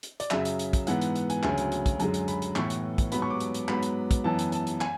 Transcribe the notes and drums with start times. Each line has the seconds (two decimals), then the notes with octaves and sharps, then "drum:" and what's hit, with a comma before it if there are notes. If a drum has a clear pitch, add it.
0.03 drum: hi-hat
0.20 D5, drum: hi-hat
0.31 F#2 C#3 F#3 E5, drum: clap
0.45 drum: hi-hat
0.59 drum: hi-hat
0.73 drum: kick, hi-hat
0.87 G#2 E3 B3 F#5, drum: hi-hat
1.01 drum: hi-hat
1.15 drum: hi-hat
1.30 G#5, drum: hi-hat
1.43 D2 C#3 F#3 G#5, drum: clap
1.58 drum: hi-hat
1.72 drum: hi-hat
1.86 drum: kick, hi-hat
2.00 F#2 D3 G#3, drum: hi-hat
2.14 drum: hi-hat
2.28 B5, drum: hi-hat
2.42 drum: hi-hat
2.56 A2 E3 B3 C#6, drum: clap
2.70 drum: hi-hat
2.98 drum: kick, hi-hat
3.12 G#2 F#3 B3 B5, drum: hi-hat
3.22 C#6
3.30 D6
3.40 drum: hi-hat
3.54 drum: hi-hat
3.68 G#2 F#3 B3 B5, drum: clap
3.83 drum: hi-hat
4.11 drum: kick, hi-hat
4.24 F#2 E3 B3 A5
4.39 drum: hi-hat
4.52 A5, drum: hi-hat
4.67 drum: hi-hat
4.81 G#5, drum: clap